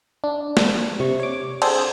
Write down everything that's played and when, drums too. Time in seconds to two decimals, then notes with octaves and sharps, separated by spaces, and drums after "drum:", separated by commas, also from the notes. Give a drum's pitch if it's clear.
0.24 D4
0.57 drum: snare
1.00 C3 C#6
1.20 C#5 D6
1.62 C4 D4 G#4 A4 C5, drum: cymbal